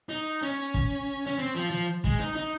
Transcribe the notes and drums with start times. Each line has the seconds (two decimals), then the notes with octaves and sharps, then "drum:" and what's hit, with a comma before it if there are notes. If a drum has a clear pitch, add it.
0.09 D#4
0.42 C#4
0.74 drum: kick
1.27 C#4
1.39 C4
1.55 F3
1.71 F3
2.04 G#3, drum: kick
2.19 D#4
2.35 D#4